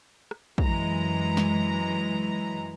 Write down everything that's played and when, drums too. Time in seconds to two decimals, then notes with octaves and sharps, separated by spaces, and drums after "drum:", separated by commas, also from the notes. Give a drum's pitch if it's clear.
0.31 drum: rim click
0.58 F#2 E3 G#3 A#5, drum: kick
1.37 drum: snare